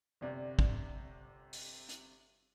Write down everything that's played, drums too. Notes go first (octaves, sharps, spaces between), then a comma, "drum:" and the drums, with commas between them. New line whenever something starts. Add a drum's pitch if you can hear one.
G1 C3 B4 D5 F5
drum: kick
drum: open hi-hat
drum: hi-hat